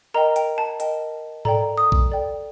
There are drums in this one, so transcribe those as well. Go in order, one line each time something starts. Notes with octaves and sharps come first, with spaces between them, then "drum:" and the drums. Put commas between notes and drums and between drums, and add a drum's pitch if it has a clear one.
A#4 D#5 G5 A#5
G5, drum: hi-hat
A5
A#4 D#5 G5, drum: hi-hat
A4 D5 G5 A#5, drum: tom G#2
D#6
drum: kick A#1
A4 D5 G5